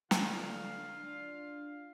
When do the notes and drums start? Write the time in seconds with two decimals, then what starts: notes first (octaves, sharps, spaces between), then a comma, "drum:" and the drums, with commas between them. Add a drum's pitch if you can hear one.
0.11 D3 F4 F5, drum: snare
0.97 D4